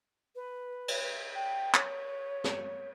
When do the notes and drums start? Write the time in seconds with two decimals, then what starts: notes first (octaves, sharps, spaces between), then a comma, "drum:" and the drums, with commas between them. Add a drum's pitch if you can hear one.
0.35 B4
0.88 drum: cymbal
1.35 G5
1.74 C#5, drum: clap
2.44 drum: snare